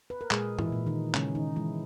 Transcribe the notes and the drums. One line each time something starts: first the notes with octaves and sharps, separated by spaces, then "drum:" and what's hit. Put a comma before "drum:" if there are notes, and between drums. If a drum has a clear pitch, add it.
B4
A#4
A#2 G#3 G#4, drum: clap
E3 E4, drum: tom G#2
A#2
D#3 D#4
C#3 G#3 C#4, drum: clap
D#3 D#4
E3 G#3 E4